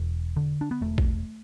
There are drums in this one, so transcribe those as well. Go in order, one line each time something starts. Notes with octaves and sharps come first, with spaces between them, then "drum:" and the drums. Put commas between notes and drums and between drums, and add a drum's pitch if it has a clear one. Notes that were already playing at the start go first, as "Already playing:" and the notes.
Already playing: E1
D3
D4
B3
E1 A3
drum: kick A#1